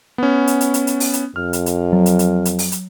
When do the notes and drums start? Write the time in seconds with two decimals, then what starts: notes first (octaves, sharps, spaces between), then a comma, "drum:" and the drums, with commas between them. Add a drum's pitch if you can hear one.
0.18 B3 C#4
0.47 drum: hi-hat
0.61 drum: hi-hat
0.74 drum: hi-hat
0.87 drum: hi-hat
1.00 drum: open hi-hat
1.13 drum: hi-hat
1.36 F2 F6
1.53 drum: hi-hat
1.66 drum: hi-hat
1.93 F#3
2.06 drum: hi-hat
2.19 drum: hi-hat
2.45 drum: hi-hat
2.59 drum: open hi-hat
2.72 drum: hi-hat